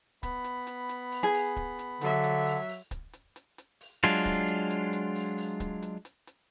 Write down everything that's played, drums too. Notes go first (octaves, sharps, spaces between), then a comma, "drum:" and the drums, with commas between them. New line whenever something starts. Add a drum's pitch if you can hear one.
B3 B5, drum: kick D1, hi-hat
drum: hi-hat
drum: hi-hat
drum: hi-hat
drum: open hi-hat
G#4
drum: open hi-hat
drum: kick D1
drum: hi-hat
D3 F#3 E5, drum: hi-hat
drum: hi-hat
drum: open hi-hat
drum: open hi-hat
drum: kick D1, hi-hat
drum: hi-hat
drum: hi-hat
drum: hi-hat
drum: open hi-hat
F#3 G#3 D4 F4, drum: open hi-hat
drum: kick D1, hi-hat
drum: hi-hat
drum: hi-hat
drum: hi-hat
drum: open hi-hat
drum: open hi-hat
drum: kick D1, hi-hat
drum: hi-hat
drum: hi-hat
drum: hi-hat